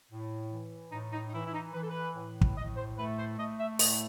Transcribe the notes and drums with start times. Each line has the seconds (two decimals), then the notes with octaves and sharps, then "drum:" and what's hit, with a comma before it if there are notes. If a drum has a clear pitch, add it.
0.11 A2
0.51 E3
0.92 A2 D#4
1.12 D#4
1.28 D#4
1.33 E3 E4
1.46 E4
1.54 D#4
1.74 E3 B4
1.82 A4
1.89 B4
2.15 A2
2.41 drum: kick
2.56 A2 D#5
2.76 C5
2.98 A3 B4
3.18 C5
3.38 A3 D#5
3.59 E5
3.79 A2 D#5, drum: open hi-hat